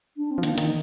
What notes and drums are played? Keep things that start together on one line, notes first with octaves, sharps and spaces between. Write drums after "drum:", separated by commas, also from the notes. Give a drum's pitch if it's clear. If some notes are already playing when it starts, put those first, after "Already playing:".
D4
C4
F3
D#3 A#3, drum: hi-hat
D#3, drum: hi-hat